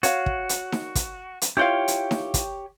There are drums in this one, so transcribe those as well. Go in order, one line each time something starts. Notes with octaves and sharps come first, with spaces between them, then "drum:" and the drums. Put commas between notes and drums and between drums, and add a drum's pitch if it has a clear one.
F#4 C#5 F5, drum: hi-hat
drum: kick
drum: hi-hat
drum: snare D#4
drum: kick, hi-hat
drum: hi-hat
E4 F4 G4 C#5 F5 G5
drum: hi-hat
drum: snare D#4
drum: kick, hi-hat